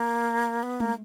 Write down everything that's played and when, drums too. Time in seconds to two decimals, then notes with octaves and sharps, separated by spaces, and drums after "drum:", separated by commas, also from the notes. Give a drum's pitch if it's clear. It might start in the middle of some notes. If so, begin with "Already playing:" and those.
Already playing: A#3
0.63 B3
0.80 A#3, drum: tom G#3